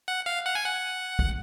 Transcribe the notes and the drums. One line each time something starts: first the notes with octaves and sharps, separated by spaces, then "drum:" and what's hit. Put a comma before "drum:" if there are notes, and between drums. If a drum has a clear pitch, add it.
F#5
F5
F#5
G#5
F#5
drum: kick